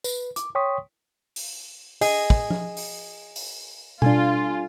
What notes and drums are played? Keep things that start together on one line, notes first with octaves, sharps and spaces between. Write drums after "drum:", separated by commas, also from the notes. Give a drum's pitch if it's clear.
B4, drum: tambourine
D6, drum: hi-hat
C#5 G5 C6 C#6 D#6 B6
drum: open hi-hat
G#4 D#5, drum: open hi-hat
drum: kick
drum: tom F3
drum: open hi-hat
drum: open hi-hat
G3 D4 F4 A4 G#5, drum: tom B2